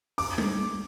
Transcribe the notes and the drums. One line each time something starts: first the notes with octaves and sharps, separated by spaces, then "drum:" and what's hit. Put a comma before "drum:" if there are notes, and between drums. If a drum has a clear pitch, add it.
D6, drum: open hi-hat
drum: tom G3